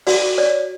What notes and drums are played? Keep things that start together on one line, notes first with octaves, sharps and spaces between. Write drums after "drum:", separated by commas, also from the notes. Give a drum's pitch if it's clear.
F#4 D5, drum: open hi-hat
C#5 D5